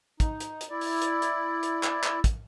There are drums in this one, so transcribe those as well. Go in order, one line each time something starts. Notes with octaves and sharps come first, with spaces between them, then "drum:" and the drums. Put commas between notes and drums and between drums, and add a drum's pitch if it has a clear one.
D#4, drum: kick, hi-hat
drum: hi-hat
drum: hi-hat
E4 D5
drum: open hi-hat
drum: hi-hat
drum: hi-hat
drum: hi-hat
drum: clap
drum: clap
drum: kick, hi-hat